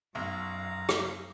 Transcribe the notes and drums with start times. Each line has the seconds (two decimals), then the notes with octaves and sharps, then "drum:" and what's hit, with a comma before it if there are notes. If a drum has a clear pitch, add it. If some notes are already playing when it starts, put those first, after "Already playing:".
0.15 B1 F#2 F5 A#5
0.89 drum: rim click